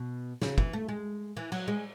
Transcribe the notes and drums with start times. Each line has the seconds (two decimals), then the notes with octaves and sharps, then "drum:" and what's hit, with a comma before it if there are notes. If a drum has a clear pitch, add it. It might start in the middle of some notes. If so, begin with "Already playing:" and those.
Already playing: B2
0.42 C#3, drum: snare
0.58 E3, drum: kick
0.73 A3
0.88 G#3
1.37 E3
1.52 F#3, drum: cymbal
1.68 G#3